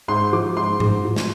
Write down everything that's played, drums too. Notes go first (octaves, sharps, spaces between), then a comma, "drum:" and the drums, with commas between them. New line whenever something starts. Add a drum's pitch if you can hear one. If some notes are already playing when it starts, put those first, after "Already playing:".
G#2 C6
F3 D6
G#2 C6
G#2, drum: tom G#2
F3
drum: snare